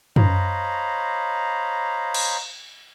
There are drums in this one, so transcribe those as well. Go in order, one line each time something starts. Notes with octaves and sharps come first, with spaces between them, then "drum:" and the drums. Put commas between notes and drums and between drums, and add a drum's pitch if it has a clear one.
C5 C#5 D#5 F5 A#5 B5, drum: tom F#2
drum: cymbal